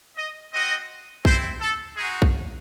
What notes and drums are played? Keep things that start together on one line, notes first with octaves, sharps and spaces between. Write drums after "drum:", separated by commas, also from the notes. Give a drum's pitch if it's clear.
D#5
C4 F#4 D#5
C4 E4 C5, drum: kick
A4
G#3 D#4 F#4 G#4
drum: kick